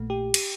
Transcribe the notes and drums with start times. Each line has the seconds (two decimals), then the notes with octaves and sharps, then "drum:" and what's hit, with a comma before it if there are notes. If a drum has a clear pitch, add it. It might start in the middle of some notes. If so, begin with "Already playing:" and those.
Already playing: A#1 A#2 A3
0.10 G4
0.34 drum: cymbal